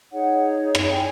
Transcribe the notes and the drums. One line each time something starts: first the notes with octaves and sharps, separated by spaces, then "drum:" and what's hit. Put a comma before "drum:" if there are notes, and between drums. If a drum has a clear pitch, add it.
D#4 G#4 C#5 F#5
drum: rim click
G5
C#5 G#5